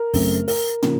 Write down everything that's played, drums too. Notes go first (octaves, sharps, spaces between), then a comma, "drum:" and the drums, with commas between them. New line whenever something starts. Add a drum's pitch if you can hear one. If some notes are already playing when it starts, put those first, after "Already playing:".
Already playing: A#4
F#2 C#3 A3 C4, drum: kick, open hi-hat
A#4, drum: open hi-hat
C#3 F3 A#3, drum: tom